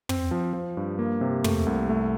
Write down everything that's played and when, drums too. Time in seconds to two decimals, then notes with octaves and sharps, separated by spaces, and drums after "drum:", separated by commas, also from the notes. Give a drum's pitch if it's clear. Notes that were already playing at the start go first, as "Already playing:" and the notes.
0.09 C4, drum: tom
0.31 F3
0.53 F3
0.77 G2
0.99 A#3
1.21 C3
1.44 A3, drum: tom
1.66 C2
1.89 A3